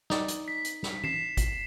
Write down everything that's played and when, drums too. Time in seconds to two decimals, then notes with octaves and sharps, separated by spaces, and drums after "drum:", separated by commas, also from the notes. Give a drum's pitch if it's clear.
0.10 D#4 D5, drum: snare
0.28 drum: hi-hat
0.48 B6
0.65 drum: hi-hat
0.83 drum: snare
1.04 B6 C7 E7, drum: tom E3
1.37 drum: kick G#1, hi-hat